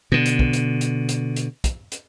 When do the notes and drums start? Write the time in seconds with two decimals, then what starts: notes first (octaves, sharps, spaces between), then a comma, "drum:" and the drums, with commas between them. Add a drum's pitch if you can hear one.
0.12 B2 D3
0.26 drum: hi-hat
0.39 drum: kick
0.53 drum: hi-hat
0.81 drum: hi-hat
1.09 drum: hi-hat
1.36 drum: hi-hat
1.64 drum: kick, hi-hat
1.92 drum: hi-hat